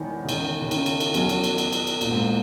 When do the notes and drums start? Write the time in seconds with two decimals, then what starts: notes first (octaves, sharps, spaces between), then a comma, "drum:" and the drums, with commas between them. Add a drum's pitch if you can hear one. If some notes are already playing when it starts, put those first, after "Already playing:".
Already playing: E1 E2 D#3 E3
0.25 C#3
0.29 D#3, drum: cymbal
0.61 C#3
0.71 D#3, drum: cymbal
0.86 drum: cymbal
1.00 drum: cymbal
1.14 E2 B2 F#3 C#4, drum: cymbal
1.29 drum: cymbal
1.44 drum: cymbal
1.58 drum: cymbal
1.72 drum: cymbal
1.87 drum: cymbal
2.01 A#2, drum: cymbal
2.11 G#2